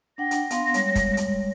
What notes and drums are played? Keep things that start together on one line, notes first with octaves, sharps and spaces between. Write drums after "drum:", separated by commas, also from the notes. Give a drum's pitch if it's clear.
D4 F#5 G5 A#6
drum: hi-hat
B3 F5 C6, drum: hi-hat
G3 G#3 C#5, drum: hi-hat
drum: kick, hi-hat
drum: hi-hat